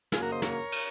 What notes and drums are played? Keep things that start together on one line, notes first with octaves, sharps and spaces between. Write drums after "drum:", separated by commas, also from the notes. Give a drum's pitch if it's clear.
F#2 C#3 F#3 A#3 F4 G#4, drum: snare
F#4 A#4
C5 D#5
A#4 C#5, drum: snare
drum: cymbal